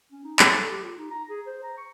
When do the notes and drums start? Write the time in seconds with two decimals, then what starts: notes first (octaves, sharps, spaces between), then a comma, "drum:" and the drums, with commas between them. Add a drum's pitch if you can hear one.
0.12 C#4
0.24 D#4
0.39 G4, drum: clap
0.56 A4
0.71 G4
0.83 F4
0.98 D#4
1.10 A#5
1.29 G#4
1.47 C5
1.63 A#5
1.77 C#6